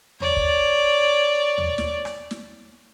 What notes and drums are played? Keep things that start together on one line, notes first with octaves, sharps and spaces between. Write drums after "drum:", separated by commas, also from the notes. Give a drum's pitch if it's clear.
C#5 D5, drum: tom D#2
drum: kick
drum: tom D#2
drum: snare
drum: rim click
drum: snare